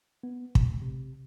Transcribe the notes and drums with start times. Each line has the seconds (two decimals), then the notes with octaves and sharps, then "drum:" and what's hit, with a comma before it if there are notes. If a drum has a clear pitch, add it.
0.23 B3
0.55 B2, drum: kick
0.82 C3